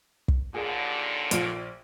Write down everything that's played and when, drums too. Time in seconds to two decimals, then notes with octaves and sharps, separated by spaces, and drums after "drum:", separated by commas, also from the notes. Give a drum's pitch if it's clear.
0.28 drum: kick
0.54 D#2 A#2 D3 G#4
1.31 A#1 F4 D7, drum: hi-hat